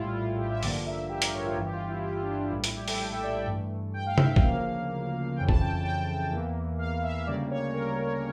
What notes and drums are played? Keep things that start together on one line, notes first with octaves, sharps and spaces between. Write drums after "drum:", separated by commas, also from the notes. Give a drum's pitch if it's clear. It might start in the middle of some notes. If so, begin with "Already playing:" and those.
Already playing: A#1 A2 G3 E4 F4
F4
G4
E5
A1 G2 D3 F3 A#3 D5, drum: open hi-hat
E5
G4
A#4, drum: hi-hat
C#5
F4
G1 G2 E3 E4
G4
F4
E4
G4
F4
D4
E4
D4
A#1 A2 G3 E4
E4, drum: hi-hat
G4
A4, drum: open hi-hat
G5
E5
D5
G2 E3 A3
G5
F5
E5, drum: tom C3
E5
G5, drum: kick
D2 C#3 F3 A#3 F5
F2 C#3 E3 G5
A5, drum: kick
G5
A5
G5
E2 E3 A#3
F5
E5
D2 C#3 G3 A#3 D5
C#5
A#4